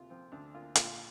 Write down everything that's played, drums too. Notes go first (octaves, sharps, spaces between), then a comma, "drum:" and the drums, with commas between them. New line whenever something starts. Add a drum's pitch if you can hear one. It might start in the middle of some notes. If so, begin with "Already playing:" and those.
Already playing: D2 C3 A#3 F4
F3 C4
D2 D4
A#3 F4
A#2 F4, drum: hi-hat